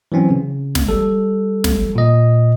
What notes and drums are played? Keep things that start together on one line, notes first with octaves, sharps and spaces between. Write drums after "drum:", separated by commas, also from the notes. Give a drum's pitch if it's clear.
E3 F#3 C4 C#4
C#3
drum: snare
G3 A4
drum: snare
A#2 D#5